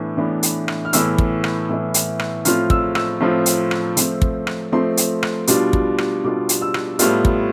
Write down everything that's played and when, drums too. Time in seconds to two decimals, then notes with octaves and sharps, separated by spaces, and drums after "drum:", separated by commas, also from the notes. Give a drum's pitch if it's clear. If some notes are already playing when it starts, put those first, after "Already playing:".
Already playing: A2 E3 B3 D4
0.17 A2 E3 B3 D4
0.43 drum: hi-hat
0.68 drum: rim click
0.85 F6
0.93 A2 E3 B3 E4 E6, drum: hi-hat
1.18 drum: kick
1.44 drum: rim click
1.69 A2 E3 B3 E4
1.94 drum: hi-hat
2.19 drum: rim click
2.45 A2 F3 C4 F4 F6, drum: hi-hat
2.70 E6, drum: kick
2.95 E6, drum: rim click
3.20 A2 F3 C4 F4
3.46 drum: hi-hat
3.71 drum: rim click
3.97 F3 A3 C4, drum: hi-hat
4.22 drum: kick
4.47 drum: rim click
4.72 F3 A3 C4 C6
4.97 drum: hi-hat
5.23 drum: rim click
5.47 B2 G3 D4 F4, drum: hi-hat
5.73 drum: kick
5.98 drum: rim click
6.24 B2 G3 D4 F4 D6
6.49 drum: hi-hat
6.62 E6
6.74 drum: rim click
6.99 A2 G3 B3 F4 F6, drum: hi-hat
7.25 drum: kick